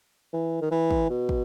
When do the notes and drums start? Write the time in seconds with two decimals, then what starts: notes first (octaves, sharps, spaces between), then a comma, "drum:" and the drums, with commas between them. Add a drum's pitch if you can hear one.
0.33 E3
0.61 D#3
0.71 E3
0.91 drum: kick
1.10 B2
1.29 drum: kick